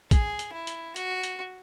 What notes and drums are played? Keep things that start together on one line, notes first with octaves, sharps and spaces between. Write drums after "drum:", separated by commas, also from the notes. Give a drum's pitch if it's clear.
G#4, drum: kick, hi-hat
drum: hi-hat
E4
drum: hi-hat
F#4, drum: hi-hat
drum: hi-hat